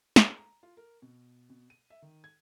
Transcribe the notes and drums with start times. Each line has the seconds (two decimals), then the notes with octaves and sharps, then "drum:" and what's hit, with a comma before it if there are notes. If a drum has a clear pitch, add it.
0.16 G#3, drum: snare
0.38 A#5
0.63 F4
0.77 A#4
1.02 B2
1.50 B2
1.70 D#7
1.90 E5
2.02 D#3
2.24 G#6